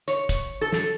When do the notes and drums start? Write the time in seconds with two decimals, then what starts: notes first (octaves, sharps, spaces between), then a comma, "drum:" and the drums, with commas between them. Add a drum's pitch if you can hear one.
0.08 C#5, drum: hi-hat
0.29 drum: kick, hi-hat
0.61 A4
0.73 drum: snare